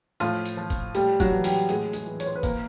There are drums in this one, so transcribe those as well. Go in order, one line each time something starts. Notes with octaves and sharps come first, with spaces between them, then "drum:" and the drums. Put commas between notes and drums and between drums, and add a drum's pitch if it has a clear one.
A2 F3 F4, drum: hi-hat
drum: hi-hat
F3
drum: kick, hi-hat
A2 G3 G4, drum: hi-hat
F#3 F#4, drum: kick, hi-hat
E3
G3 G4, drum: open hi-hat
A2 G#3 G#4, drum: hi-hat
G#3 G#4, drum: hi-hat
E3
C#5, drum: hi-hat
C5
B4
A#3 A#4, drum: kick, hi-hat